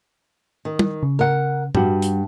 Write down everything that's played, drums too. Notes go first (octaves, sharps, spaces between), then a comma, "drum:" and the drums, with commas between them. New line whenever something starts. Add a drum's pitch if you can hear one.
D#3
drum: tom
C#3
A#4 F#5
G2 G3 F#4, drum: tom
drum: hi-hat